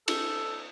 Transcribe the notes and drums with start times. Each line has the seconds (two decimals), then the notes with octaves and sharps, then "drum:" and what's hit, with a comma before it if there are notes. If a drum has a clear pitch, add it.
0.08 A4, drum: cymbal